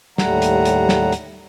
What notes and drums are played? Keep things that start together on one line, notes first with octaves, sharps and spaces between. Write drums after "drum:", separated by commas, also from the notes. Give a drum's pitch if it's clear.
D#2 A2 G3 A3 F#5 A#5, drum: snare
drum: hi-hat
drum: hi-hat
drum: snare
drum: hi-hat